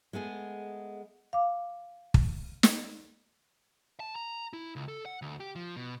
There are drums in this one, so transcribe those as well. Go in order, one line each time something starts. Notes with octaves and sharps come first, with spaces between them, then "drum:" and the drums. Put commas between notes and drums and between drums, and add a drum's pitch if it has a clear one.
G#3 A3 B3 G#4
F5 D6
drum: kick
drum: snare
A5
A#5
E4
C#2
A4
F#5
D2
G4
F3
B2